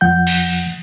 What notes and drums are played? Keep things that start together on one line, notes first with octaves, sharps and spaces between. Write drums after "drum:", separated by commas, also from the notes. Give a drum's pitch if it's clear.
F2 F3 F#5 G6
drum: cymbal
drum: open hi-hat